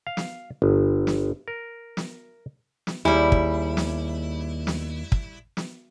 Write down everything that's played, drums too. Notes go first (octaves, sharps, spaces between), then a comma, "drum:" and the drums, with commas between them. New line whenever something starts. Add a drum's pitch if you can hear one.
F5
drum: snare
G1
drum: snare
A#4
drum: snare
drum: snare
D#2 G3 E4 G#4
drum: kick
drum: snare
drum: snare
drum: kick
drum: snare